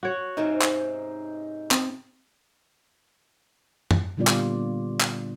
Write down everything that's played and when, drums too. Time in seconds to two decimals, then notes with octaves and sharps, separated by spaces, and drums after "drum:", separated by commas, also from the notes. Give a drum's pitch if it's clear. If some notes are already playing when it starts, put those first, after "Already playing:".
0.03 F#4 C#5
0.37 G#2 C3 C#4 D#4
0.61 drum: clap
1.71 C4, drum: clap
3.91 drum: tom
4.17 A#2 D3 G3 B3 F4 D5
4.27 drum: clap
5.00 drum: clap